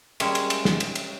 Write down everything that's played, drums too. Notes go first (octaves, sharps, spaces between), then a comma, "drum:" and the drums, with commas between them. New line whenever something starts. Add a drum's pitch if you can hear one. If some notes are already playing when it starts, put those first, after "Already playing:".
G3 G#3 A#3 C#4 G#4 E5, drum: cymbal
drum: cymbal
drum: cymbal
drum: snare
drum: cymbal
drum: cymbal